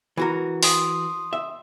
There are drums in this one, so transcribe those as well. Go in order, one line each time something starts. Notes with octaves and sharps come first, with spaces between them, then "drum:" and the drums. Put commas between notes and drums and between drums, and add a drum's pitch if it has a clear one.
E3 F#4 A#4
C6 D#6, drum: open hi-hat
E5